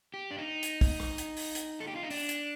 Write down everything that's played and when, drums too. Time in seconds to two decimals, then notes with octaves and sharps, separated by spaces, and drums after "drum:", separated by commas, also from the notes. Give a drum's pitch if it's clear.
0.14 G4
0.31 D4
0.38 D#4
0.63 drum: hi-hat
0.81 drum: kick, open hi-hat
1.00 drum: rim click
1.18 drum: hi-hat
1.37 drum: open hi-hat
1.55 drum: hi-hat
1.80 A4
1.88 G4
1.95 F4
2.03 D#4
2.11 D4, drum: open hi-hat
2.29 drum: hi-hat